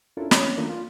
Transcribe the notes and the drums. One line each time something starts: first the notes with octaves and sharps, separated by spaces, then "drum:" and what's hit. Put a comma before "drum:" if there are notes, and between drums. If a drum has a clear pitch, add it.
C#4 D4 E4 F4 A4 A#4
C#4 C#5, drum: snare
D#3 A3 A#3 D4 F4
F4